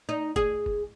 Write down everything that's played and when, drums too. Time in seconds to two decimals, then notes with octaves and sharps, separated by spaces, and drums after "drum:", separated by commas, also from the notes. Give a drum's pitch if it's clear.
0.09 D#4
0.36 G#4, drum: kick
0.66 drum: kick